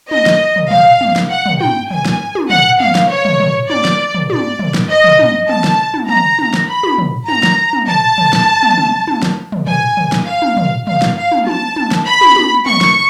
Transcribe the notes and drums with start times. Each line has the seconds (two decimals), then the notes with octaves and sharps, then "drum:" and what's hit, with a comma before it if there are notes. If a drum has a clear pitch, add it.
0.11 D#5, drum: tom
0.26 drum: snare
0.56 drum: tom
0.71 F5, drum: tom
1.01 drum: tom
1.16 drum: snare
1.30 F#5
1.46 drum: tom
1.61 G5, drum: tom
1.91 G#5, drum: tom
2.05 drum: snare
2.35 drum: tom
2.50 F#5, drum: tom
2.80 F5, drum: tom
2.95 drum: snare
3.10 C#5
3.25 drum: tom
3.40 drum: tom
3.70 D5, drum: tom
3.85 drum: snare
4.15 drum: tom
4.30 D5, drum: tom
4.59 drum: tom
4.74 drum: snare
4.89 D#5
5.04 drum: tom
5.19 drum: tom
5.49 A5, drum: tom
5.64 drum: snare
5.94 drum: tom
6.09 A#5, drum: tom
6.39 drum: tom
6.54 drum: snare
6.69 B5
6.83 drum: tom
6.98 drum: tom
7.28 A#5, drum: tom
7.43 drum: snare
7.73 drum: tom
7.88 A5, drum: tom
8.18 drum: tom
8.33 drum: snare
8.63 drum: tom
8.78 drum: tom
9.08 drum: tom
9.22 drum: snare
9.52 drum: tom
9.67 G#5, drum: tom
9.97 drum: tom
10.12 drum: snare
10.27 F5
10.42 drum: tom
10.57 drum: tom
10.87 F5, drum: tom
11.02 drum: snare
11.17 F5
11.32 drum: tom
11.47 A5, drum: tom
11.76 drum: tom
11.91 drum: snare
12.06 B5
12.21 drum: tom
12.36 drum: tom
12.66 C#6, drum: tom
12.81 drum: snare